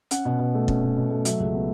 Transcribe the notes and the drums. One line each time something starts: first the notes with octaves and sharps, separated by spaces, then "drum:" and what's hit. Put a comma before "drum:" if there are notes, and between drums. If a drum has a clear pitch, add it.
C#4 F#5, drum: hi-hat
B2
B2
A3
C#4, drum: kick
B2
B2
A3
F#3 E5, drum: hi-hat
C#2
B3